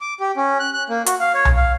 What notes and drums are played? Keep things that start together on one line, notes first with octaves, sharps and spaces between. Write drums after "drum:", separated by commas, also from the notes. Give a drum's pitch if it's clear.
D6
G4
C#4
F#6
F#6
A#3
F#4, drum: hi-hat
F5
C#5
drum: tom B1
F5